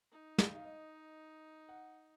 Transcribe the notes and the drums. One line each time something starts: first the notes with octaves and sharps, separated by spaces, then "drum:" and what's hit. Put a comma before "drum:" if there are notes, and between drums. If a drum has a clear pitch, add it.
D#4
F5, drum: snare
F5
D#5
F#5